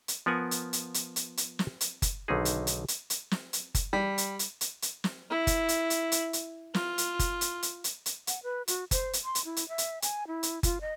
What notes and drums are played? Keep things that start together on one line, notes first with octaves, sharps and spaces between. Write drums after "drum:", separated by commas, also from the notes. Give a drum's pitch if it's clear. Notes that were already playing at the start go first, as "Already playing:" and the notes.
drum: hi-hat
F3 B3 A#4 F#5 G#5
drum: hi-hat
drum: hi-hat
drum: hi-hat
drum: hi-hat
drum: hi-hat
drum: snare
drum: hi-hat
drum: kick F#1, hi-hat
B1 D3 D#3 C4 D#4 G#4
drum: hi-hat
drum: hi-hat
drum: hi-hat
drum: hi-hat
drum: snare
drum: hi-hat
drum: kick F#1, hi-hat
G3
drum: hi-hat
drum: hi-hat
drum: hi-hat
drum: hi-hat
drum: snare
E4
drum: kick F#1, hi-hat
drum: hi-hat
drum: hi-hat
drum: hi-hat
drum: hi-hat
F4, drum: snare
drum: hi-hat
drum: kick F#1, hi-hat
drum: hi-hat
drum: hi-hat
drum: hi-hat
drum: hi-hat
F#5, drum: hi-hat
B4
F#4, drum: hi-hat
C5, drum: kick F#1, hi-hat
drum: hi-hat
C6
drum: hi-hat
E4
drum: hi-hat
E5
drum: hi-hat
G#5, drum: hi-hat
E4
drum: hi-hat
F4, drum: kick F#1, hi-hat
D#5